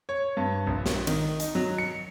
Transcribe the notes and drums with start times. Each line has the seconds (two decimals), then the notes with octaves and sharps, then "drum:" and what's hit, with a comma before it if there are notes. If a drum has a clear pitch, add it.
0.09 C#5
0.37 G2
0.67 A#1
0.86 drum: snare
1.07 D#3, drum: cymbal
1.40 D#4, drum: hi-hat
1.55 F#3
1.78 C#7